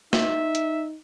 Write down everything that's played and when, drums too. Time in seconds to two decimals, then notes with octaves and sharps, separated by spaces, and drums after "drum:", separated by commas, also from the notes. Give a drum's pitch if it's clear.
0.13 D#4 E5, drum: snare
0.55 drum: hi-hat